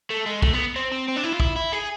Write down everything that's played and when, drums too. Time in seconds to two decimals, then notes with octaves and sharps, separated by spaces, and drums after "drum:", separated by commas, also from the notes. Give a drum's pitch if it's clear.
0.10 A3
0.26 G#3
0.42 A3, drum: kick
0.53 B3
0.76 C4
0.92 C4
1.08 C4
1.16 D4
1.23 E4
1.33 F4
1.40 E4, drum: kick
1.56 E4
1.73 G#4